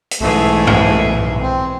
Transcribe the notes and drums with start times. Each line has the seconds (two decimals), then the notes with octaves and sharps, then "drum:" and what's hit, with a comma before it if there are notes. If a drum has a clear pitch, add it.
0.11 drum: hi-hat
0.20 B1 G#2 E3 A3 G#4
0.67 drum: tom G2
1.41 C4